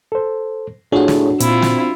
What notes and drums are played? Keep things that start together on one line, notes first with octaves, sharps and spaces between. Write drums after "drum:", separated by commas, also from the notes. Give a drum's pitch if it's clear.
A4 C5
A2 D4 F4 F#4 G#4 C#5
drum: snare
A#2 C4 E4 F4, drum: hi-hat
drum: snare